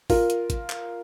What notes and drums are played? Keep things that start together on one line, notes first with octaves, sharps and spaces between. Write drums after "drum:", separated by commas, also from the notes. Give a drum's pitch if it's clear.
F4 A#4, drum: kick G#1, open hi-hat
drum: hi-hat
drum: kick G#1, hi-hat
drum: clap